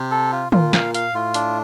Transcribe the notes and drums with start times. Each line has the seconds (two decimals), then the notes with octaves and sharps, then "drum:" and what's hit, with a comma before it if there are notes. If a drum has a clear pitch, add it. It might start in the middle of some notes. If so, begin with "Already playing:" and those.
Already playing: C3
0.11 A4
0.32 F4
0.52 A#2 F4, drum: tom
0.73 F5, drum: snare
0.94 F5, drum: hi-hat
1.15 A2 F4
1.34 D4, drum: hi-hat